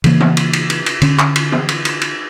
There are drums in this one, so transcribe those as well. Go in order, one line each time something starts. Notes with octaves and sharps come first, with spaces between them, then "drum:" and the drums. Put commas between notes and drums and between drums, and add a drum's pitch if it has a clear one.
C#3 E3 A#3, drum: cymbal
drum: tom
drum: cymbal
drum: cymbal
drum: cymbal
drum: cymbal
D3 C#4, drum: cymbal
drum: clap
drum: cymbal
drum: tom
drum: cymbal
drum: cymbal
drum: cymbal